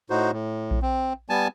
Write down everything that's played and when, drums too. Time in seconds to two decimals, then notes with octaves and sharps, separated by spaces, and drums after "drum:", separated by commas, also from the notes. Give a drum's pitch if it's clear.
0.10 A2 D#4 F#4 C5
0.33 A2
0.71 drum: kick A#1
0.82 C4
1.29 G3 B3 G#5 A5